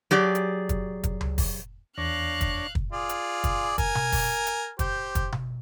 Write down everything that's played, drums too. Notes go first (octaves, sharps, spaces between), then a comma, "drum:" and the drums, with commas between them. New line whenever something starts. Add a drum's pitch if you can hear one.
F#3 G4 G#4 D5
drum: hi-hat
drum: kick, hi-hat
drum: kick, hi-hat
drum: tom C#2
drum: kick, open hi-hat
E2 D4 C#5 F5 F#6 A#6
drum: kick, hi-hat
drum: kick
F4 G#4 D5
drum: hi-hat
drum: kick, hi-hat
A#4 G#5, drum: kick, hi-hat
drum: tom B2
drum: kick, open hi-hat
drum: hi-hat
G4 C5, drum: kick, hi-hat
drum: kick, hi-hat
drum: tom B2